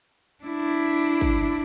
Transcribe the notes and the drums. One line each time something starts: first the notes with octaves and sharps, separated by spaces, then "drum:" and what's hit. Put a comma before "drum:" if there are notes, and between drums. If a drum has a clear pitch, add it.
D4 E4
drum: hi-hat
drum: hi-hat
drum: kick, hi-hat